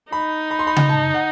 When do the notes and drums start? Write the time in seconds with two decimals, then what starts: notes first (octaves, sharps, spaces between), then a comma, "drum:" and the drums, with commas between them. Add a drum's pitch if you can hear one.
0.12 D#4 B5
0.51 B5
0.59 C6
0.67 B5
0.76 drum: tom C#3
0.89 A5
1.14 F#5